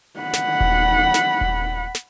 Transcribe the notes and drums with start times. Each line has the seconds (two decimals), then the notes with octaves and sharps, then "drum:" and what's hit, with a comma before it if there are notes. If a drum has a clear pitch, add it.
0.20 F#5 B5
0.34 drum: snare
0.60 drum: kick D#1
1.14 drum: snare
1.41 drum: kick D#1
1.95 drum: snare